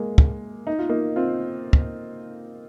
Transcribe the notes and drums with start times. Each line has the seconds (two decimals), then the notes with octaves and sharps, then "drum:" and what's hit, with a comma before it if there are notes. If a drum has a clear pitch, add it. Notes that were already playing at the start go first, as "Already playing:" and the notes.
Already playing: G#3 A#3
0.18 drum: kick
0.67 D#4
0.79 F4
0.89 A#3 D#4
1.16 C4 F4
1.73 drum: kick